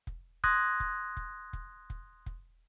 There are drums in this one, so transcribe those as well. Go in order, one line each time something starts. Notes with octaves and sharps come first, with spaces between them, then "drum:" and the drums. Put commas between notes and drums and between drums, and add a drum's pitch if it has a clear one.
drum: kick F1
C6 D#6 F#6 G#6 A#6, drum: kick F1
drum: kick F1
drum: kick F1
drum: kick F1
drum: kick F1
drum: kick F1